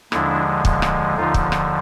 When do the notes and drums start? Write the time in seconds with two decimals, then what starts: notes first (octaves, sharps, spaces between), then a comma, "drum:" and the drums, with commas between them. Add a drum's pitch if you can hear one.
0.12 D#2 D3 F3 G#3 D4 E4, drum: rim click
0.65 drum: kick
0.82 drum: rim click
1.17 D#2 D3 F3 D#4 F4
1.34 drum: kick
1.52 drum: rim click